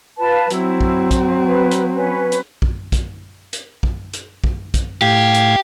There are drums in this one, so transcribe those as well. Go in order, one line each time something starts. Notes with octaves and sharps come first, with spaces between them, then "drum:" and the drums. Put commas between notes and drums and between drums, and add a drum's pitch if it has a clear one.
F4 B4 A5
F#3 C4 E4, drum: hi-hat
drum: kick
drum: kick, hi-hat
B4
drum: hi-hat
C#4 B4
drum: hi-hat
drum: kick
drum: kick, hi-hat
drum: hi-hat
drum: kick
drum: hi-hat
drum: kick
drum: kick, hi-hat
A2 G4 F5 G#6
drum: hi-hat